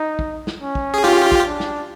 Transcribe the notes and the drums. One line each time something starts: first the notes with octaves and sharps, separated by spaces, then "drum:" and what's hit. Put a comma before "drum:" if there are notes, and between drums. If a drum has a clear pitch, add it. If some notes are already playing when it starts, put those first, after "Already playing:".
Already playing: D#4
drum: kick
drum: snare
C#4
drum: kick
G#4
F4 G4, drum: snare
drum: kick
D4
drum: snare